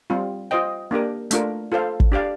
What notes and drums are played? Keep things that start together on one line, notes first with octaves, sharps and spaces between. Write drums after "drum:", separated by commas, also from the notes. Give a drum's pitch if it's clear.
G3 C4 F4
F4 C5 D#5 G5
A#3 D4 G4 A#4
A3 D4 F4 A#4, drum: hi-hat
F4 A4 C5 F5
drum: kick
D4 G4 D5 F5